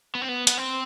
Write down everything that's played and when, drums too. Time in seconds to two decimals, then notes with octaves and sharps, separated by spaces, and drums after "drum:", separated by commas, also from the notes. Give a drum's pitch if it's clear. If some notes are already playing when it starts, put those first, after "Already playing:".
0.15 B3
0.22 C4
0.29 B3
0.47 B3, drum: hi-hat
0.58 C4